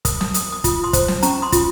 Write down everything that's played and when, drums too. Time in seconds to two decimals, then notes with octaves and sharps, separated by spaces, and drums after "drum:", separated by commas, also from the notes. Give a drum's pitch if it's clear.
0.05 A#4 D#6, drum: kick, hi-hat
0.21 D#6, drum: snare
0.34 A#4 D#6, drum: hi-hat
0.52 D#6
0.64 F4 D#6, drum: kick, hi-hat
0.84 C6 D#6
0.93 C5, drum: kick, hi-hat
1.08 drum: snare
1.23 C#4 A#5 C#6, drum: hi-hat
1.42 C6 D#6
1.52 F4, drum: kick, hi-hat